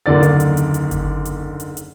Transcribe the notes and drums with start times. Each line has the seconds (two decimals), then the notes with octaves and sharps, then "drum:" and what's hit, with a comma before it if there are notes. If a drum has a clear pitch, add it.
0.06 F#1 D#2 D3 D5 A6
0.23 drum: hi-hat
0.40 drum: hi-hat
0.57 drum: hi-hat
0.74 drum: hi-hat
0.91 drum: kick G1, hi-hat
1.25 drum: hi-hat
1.60 drum: hi-hat
1.77 drum: hi-hat